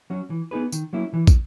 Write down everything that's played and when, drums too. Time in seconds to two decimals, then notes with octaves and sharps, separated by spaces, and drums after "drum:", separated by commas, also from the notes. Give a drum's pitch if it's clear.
0.10 F#3 C#4 F#4
0.30 E3
0.51 B3 D#4 G#4 B4
0.72 D#3, drum: tambourine
0.93 F#3 A#3 C#4 E4
1.14 E3
1.27 drum: kick, tambourine